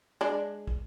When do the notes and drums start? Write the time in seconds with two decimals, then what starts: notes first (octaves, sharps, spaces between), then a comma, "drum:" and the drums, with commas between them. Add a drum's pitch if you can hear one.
0.21 G#3 D4
0.67 drum: kick